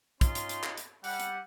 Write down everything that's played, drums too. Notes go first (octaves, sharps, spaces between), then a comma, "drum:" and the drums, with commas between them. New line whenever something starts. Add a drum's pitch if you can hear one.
C#4 D#4 F4 C6, drum: kick, hi-hat
drum: hi-hat
drum: hi-hat
drum: clap
drum: hi-hat
G3 F#5, drum: open hi-hat
drum: hi-hat